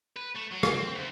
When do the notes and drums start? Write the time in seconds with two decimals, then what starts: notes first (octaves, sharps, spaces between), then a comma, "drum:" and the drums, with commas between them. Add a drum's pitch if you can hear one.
0.16 B4
0.35 A3
0.51 F#3
0.63 drum: rim click
0.72 C4
0.95 D2